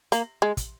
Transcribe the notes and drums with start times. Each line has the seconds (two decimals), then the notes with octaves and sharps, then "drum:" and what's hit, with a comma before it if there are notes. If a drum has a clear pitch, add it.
0.12 A#3, drum: hi-hat
0.42 G#3
0.57 drum: kick, hi-hat